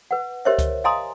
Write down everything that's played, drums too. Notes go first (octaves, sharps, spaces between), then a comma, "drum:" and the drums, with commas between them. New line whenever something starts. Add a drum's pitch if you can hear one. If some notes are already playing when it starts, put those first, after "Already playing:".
B4 F#5
G4 A#4 C5 C#5 D#5 E5
drum: kick C#2, hi-hat
D#5 F5 G#5 A#5 C6 D#6